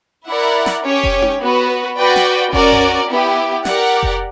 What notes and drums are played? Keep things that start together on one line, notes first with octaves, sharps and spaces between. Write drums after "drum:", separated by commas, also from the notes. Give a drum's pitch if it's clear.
E4 A#4 D5 F#5
drum: snare
C#4 G4 C#5
drum: kick F1
drum: tom D#4
B3 F#4 B4
F#4 B4 D5 G5
drum: snare
C#4 F#4 A#4 D5, drum: kick F1
drum: tom F2
B3 E4 G4
G4 A#4 D5 F#5, drum: snare
drum: kick F1